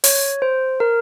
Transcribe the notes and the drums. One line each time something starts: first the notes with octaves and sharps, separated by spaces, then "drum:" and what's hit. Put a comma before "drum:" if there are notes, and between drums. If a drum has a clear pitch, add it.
C#5, drum: open hi-hat
C5
A#4